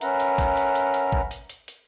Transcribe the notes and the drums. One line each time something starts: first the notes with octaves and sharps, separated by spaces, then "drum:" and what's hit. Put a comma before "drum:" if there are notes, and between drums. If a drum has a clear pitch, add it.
C#4 A#4 B4 E5 F#5 A#5, drum: hi-hat
drum: hi-hat
drum: kick, hi-hat
drum: hi-hat
drum: hi-hat
drum: hi-hat
drum: kick
drum: hi-hat
drum: hi-hat
drum: hi-hat